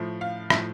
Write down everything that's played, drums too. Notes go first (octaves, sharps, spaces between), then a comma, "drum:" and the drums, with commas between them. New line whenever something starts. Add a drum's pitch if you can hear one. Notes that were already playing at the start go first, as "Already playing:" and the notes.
Already playing: A2 F3
F5
A2 F3 E5, drum: rim click